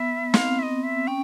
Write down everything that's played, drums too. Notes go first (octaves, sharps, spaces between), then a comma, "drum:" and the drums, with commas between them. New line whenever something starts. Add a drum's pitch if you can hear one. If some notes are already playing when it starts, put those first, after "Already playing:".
Already playing: B3 E5
C4 F5, drum: snare
E5
D#5
E5
C#4 G5